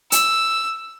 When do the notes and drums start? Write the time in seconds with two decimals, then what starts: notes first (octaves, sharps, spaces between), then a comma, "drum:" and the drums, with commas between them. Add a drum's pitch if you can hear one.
0.12 E6, drum: hi-hat